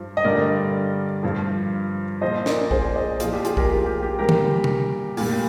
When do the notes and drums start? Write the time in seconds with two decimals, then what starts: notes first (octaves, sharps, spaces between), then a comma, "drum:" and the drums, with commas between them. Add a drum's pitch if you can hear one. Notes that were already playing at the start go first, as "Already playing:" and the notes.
Already playing: G2 F3
0.17 D#5
0.24 G2 D3 G3 A#4 D5
1.23 G2 F3
2.21 A#2 F3 C5 D#5
2.46 A#4 D5, drum: snare
2.71 G#4 C5, drum: kick
2.84 D5
2.96 C5 D#5
3.20 A#2 F3 F4, drum: hi-hat
3.33 G4
3.45 F4 G#4, drum: hi-hat
3.57 G4 A#4, drum: kick
3.70 G4
3.86 G4
4.03 G4
4.19 A#2 G3 G4 A#4
4.29 drum: tom D3
4.64 drum: tom C3
5.17 A#2 G3, drum: open hi-hat